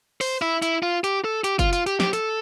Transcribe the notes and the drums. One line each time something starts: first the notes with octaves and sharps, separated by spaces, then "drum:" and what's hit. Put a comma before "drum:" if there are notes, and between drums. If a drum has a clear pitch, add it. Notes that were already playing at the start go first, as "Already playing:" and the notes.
C5, drum: open hi-hat
E4
E4, drum: hi-hat
F4
G4, drum: hi-hat
A4
G4, drum: hi-hat
F4, drum: kick, hi-hat
F4, drum: hi-hat
G4, drum: hi-hat
G4, drum: snare
A4, drum: hi-hat